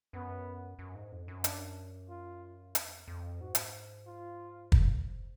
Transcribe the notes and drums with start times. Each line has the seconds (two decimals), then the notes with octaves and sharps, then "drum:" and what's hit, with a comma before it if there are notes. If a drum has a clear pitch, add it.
0.13 F#2 B3
0.79 F#2
0.95 G#2
1.12 F2
1.28 F#2
1.44 D4, drum: hi-hat
2.10 F4
2.75 F2, drum: hi-hat
3.08 F2
3.41 G#2 F#4
3.55 drum: hi-hat
4.07 F4
4.72 A#2, drum: kick
5.04 G#2